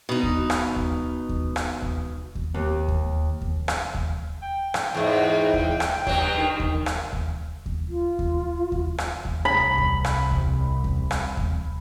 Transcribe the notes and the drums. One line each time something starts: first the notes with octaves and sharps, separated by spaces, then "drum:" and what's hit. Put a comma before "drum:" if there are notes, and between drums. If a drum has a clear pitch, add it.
B2 D#4
drum: kick D#2
drum: rim click
drum: kick D#2
drum: kick D#2
drum: rim click
drum: kick D#2
drum: kick D#2
D#2
drum: kick D#2
drum: kick D#2
drum: rim click
drum: kick D#2
G5
drum: rim click
E2 G#2
drum: kick D#2
drum: rim click
G2 F#3, drum: kick D#2
D#3
drum: kick D#2
drum: rim click
drum: kick D#2
drum: kick D#2
F4
drum: kick D#2
drum: kick D#2
drum: rim click
drum: kick D#2
C2 B5
drum: kick D#2
drum: rim click
drum: kick D#2
drum: kick D#2
drum: rim click
drum: kick D#2